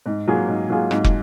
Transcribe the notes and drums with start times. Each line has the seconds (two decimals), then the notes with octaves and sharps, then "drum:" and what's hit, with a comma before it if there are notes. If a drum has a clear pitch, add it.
0.06 G#2
0.27 F#3 A#3 F4 G#4
0.48 G#2
0.69 F#3 A#3 F4 G#4
0.91 G#2, drum: rim click
1.04 drum: kick